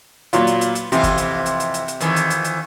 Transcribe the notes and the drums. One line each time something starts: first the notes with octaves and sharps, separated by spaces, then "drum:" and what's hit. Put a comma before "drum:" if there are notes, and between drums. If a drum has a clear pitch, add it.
A#2 F#3 B3 F4, drum: hi-hat
drum: hi-hat
drum: hi-hat
drum: hi-hat
F2 C3 E3 F4, drum: hi-hat
drum: kick G1, hi-hat
drum: hi-hat
drum: hi-hat
drum: hi-hat
drum: hi-hat
drum: hi-hat
F2 D#3 E3, drum: hi-hat
drum: hi-hat
drum: hi-hat
drum: hi-hat